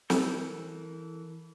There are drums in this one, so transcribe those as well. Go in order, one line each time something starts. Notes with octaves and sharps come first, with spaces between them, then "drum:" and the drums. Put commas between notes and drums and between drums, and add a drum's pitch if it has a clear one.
E3 A4 A#4 E6 G6, drum: snare